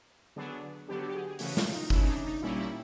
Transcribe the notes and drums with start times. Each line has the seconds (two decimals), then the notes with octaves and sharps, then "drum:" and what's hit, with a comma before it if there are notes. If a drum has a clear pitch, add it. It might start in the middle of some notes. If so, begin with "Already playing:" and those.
0.36 D3 F#3 B3 D4 G#4
0.88 D3 F#3 B3 D4 G4
1.00 F#4
1.08 G4
1.14 G#4
1.27 G#4
1.39 C#3 E3 A3 C#4 F#4, drum: open hi-hat
1.57 F4, drum: snare
1.74 D#4
1.90 C#3 E3 A3 C#4 E4, drum: kick G1
2.02 D#4
2.08 D4
2.26 D#4
2.42 A#2 G3 A#3 C#4 E4
2.59 E4